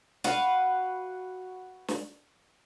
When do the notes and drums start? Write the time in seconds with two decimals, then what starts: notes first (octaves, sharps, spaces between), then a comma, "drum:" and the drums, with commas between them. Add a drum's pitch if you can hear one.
0.24 F#4 B4 F5, drum: snare
1.88 drum: snare